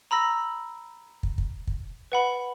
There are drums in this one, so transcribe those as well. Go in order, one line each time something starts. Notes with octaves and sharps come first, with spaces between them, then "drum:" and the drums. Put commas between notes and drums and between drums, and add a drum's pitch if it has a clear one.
A#5 B5 E6 A#6
drum: kick
drum: kick
drum: kick
B4 F#5 B5